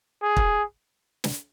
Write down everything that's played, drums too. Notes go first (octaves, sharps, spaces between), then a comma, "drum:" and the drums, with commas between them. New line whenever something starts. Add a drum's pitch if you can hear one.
G#4
drum: kick
drum: snare